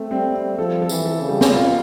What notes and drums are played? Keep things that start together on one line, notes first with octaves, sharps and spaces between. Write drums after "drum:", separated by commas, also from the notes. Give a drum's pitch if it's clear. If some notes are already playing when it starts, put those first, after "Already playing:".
Already playing: A3 C4
G3 C4
C4
F3 A4
A4
E3, drum: tambourine
A4
C#3
G3
drum: snare
B2 F4